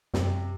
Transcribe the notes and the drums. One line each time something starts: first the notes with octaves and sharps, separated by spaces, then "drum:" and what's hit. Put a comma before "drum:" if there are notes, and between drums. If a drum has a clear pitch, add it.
F#2 C3, drum: snare